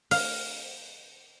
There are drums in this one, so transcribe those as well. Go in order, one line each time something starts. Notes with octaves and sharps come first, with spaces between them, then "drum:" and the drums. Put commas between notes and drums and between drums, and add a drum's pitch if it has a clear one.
F5, drum: open hi-hat